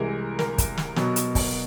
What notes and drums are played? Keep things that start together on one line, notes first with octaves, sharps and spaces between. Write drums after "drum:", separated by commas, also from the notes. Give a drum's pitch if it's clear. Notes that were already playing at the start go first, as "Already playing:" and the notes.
Already playing: C2 C3 E3 G#3 A#4
A#4, drum: snare
drum: kick, hi-hat
drum: snare
B2 F#3 B3, drum: snare
drum: hi-hat
drum: kick, open hi-hat